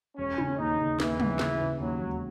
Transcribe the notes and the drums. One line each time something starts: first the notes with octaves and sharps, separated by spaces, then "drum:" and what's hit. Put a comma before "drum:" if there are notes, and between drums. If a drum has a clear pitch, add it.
E1 C#4
C#3, drum: tom
D#2 D#4
C#3
D#2 E3, drum: snare
C#3, drum: tom
C#3, drum: snare
C#3
D#2 F#3
E1